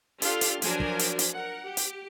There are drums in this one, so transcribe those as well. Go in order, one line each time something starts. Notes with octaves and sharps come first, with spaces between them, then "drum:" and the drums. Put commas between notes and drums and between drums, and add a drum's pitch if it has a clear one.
D4 F4 G4 A4 F5 C6, drum: hi-hat
drum: hi-hat
F3 F#3 D4 A#4 G#5, drum: hi-hat
drum: kick
drum: hi-hat
drum: hi-hat
A#4 F#5
G4
drum: hi-hat